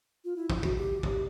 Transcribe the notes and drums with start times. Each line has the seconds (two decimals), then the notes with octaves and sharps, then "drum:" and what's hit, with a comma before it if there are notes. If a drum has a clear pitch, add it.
0.25 F4
0.36 E4
0.50 drum: kick
0.63 F#4, drum: kick
0.77 G4
1.03 drum: kick